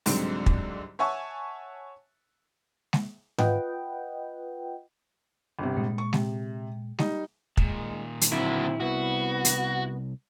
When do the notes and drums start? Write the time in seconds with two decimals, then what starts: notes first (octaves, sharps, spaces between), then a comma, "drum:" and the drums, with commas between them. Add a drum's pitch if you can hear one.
0.06 C2 G#2 D3 F#3 G#3 C4, drum: open hi-hat
0.46 drum: kick
0.99 C#5 E5 F#5 G#5 A5 C#6
2.93 drum: snare G#3
3.38 F4 B4 D#5 F#5 G5, drum: tom G#2
5.59 G1 C3
5.77 A#2 G#3
5.98 C#6
6.13 C3, drum: snare G#3
6.99 G3 D#4, drum: snare G#3
7.57 A#2 D#3 G#3, drum: kick
8.21 drum: hi-hat
8.32 D3 F#3 C4 E4
8.80 C2 B3 F#4
9.45 drum: hi-hat